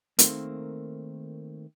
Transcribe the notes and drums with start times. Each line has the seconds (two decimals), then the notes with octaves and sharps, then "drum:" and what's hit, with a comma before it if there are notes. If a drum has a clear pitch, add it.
0.19 D#3 A3 A#3 C4, drum: hi-hat